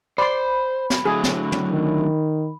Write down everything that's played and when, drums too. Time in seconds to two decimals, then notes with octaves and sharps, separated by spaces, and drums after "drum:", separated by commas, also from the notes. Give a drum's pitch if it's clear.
0.18 C5 D5 B5 C6
0.90 drum: snare
1.06 D3 F#3 A3 G#4
1.24 drum: snare
1.52 drum: tom
1.71 D#3